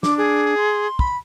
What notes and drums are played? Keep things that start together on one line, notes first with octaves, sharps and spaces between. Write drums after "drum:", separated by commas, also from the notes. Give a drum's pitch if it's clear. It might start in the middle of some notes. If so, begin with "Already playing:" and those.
D4 D6, drum: snare
G#4
C6
B5, drum: kick